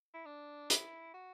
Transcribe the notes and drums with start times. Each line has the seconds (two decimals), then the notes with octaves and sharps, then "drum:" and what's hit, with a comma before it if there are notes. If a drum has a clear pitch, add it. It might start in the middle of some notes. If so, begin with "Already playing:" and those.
0.14 E4
0.26 D4
0.70 E4, drum: hi-hat
1.14 F#4